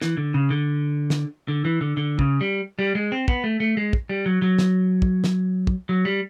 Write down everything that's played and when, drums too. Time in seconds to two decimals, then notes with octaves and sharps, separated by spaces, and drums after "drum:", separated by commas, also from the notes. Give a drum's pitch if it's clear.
0.02 E3, drum: snare
0.17 D3
0.34 C#3
0.50 D3
1.10 drum: snare
1.48 D3
1.65 E3
1.81 D3
1.97 D3
2.19 C#3, drum: kick
2.41 G3
2.79 G3
2.95 G#3
3.12 C4
3.28 B3, drum: kick
3.44 A3
3.60 A3
3.77 G#3
3.93 drum: kick
4.09 G3
4.26 F#3
4.42 F#3
4.58 drum: snare
5.02 drum: kick
5.24 drum: snare
5.67 drum: kick
5.89 F#3
6.05 G3